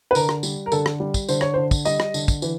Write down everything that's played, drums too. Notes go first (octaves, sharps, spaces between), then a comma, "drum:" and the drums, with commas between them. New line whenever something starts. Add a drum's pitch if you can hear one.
B4
D3 A#4, drum: tambourine
drum: rim click
G3, drum: tambourine
A#4
D3 A4, drum: tambourine
drum: rim click
G3
drum: kick, tambourine
D3 C5, drum: tambourine
C#5, drum: rim click
D3 C5
drum: kick, tambourine
G3 D#5, drum: tambourine
drum: rim click
D3, drum: tambourine
drum: kick, tambourine
E3, drum: tambourine